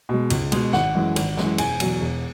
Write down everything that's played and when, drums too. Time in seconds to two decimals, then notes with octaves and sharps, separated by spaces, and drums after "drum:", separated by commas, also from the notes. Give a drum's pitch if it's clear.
0.09 B2 G#3
0.30 C#2, drum: cymbal
0.52 B2 G#3, drum: cymbal
0.73 G#1 F#5, drum: snare
0.95 F#2 E3 G#3
1.16 G#1, drum: cymbal
1.37 F#2 E3 G#3, drum: snare
1.58 E1 G#5, drum: cymbal
1.80 E2 B2 F#3, drum: cymbal
2.01 E1